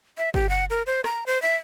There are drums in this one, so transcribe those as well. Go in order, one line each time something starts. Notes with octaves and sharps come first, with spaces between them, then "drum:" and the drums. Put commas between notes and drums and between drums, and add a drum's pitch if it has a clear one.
E5
G4, drum: kick
F#5
A#4
C5
A#5, drum: rim click
C5
E5